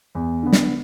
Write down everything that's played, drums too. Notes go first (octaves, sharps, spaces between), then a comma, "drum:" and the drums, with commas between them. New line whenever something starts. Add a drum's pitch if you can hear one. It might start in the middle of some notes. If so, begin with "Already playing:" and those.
E2
D3 B3
drum: snare